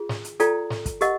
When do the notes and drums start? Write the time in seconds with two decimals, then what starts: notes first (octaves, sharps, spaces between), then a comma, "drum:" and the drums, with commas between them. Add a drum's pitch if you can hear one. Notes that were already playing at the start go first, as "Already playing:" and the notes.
Already playing: F4 G#4
0.09 drum: snare
0.25 drum: hi-hat
0.40 F4 A4 D5 G5 A#5, drum: hi-hat
0.70 drum: snare
0.86 drum: kick, hi-hat
1.01 G4 A#4 D#5 F#5, drum: hi-hat